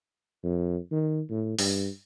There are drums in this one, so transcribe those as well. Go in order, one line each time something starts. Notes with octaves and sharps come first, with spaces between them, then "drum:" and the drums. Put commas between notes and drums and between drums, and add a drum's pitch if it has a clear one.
F2
D#3
A2
G2, drum: open hi-hat